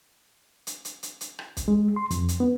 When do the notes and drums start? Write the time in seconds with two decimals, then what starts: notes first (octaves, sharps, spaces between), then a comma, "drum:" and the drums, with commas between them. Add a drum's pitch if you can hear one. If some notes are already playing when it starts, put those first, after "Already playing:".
0.67 drum: hi-hat
0.85 drum: hi-hat
1.03 drum: hi-hat
1.21 drum: hi-hat
1.39 drum: rim click
1.57 drum: kick, hi-hat
1.68 G#3
1.96 C6
2.11 F2, drum: hi-hat
2.28 drum: hi-hat
2.40 B3